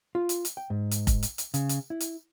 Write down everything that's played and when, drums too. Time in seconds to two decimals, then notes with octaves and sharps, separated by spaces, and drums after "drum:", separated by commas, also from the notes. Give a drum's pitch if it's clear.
0.15 F4
0.29 drum: hi-hat
0.45 drum: hi-hat
0.57 G5
0.70 G#2
0.91 drum: hi-hat
1.07 drum: kick F1, hi-hat
1.23 drum: hi-hat
1.38 drum: hi-hat
1.54 C#3, drum: hi-hat
1.69 drum: hi-hat
1.90 E4
2.00 drum: hi-hat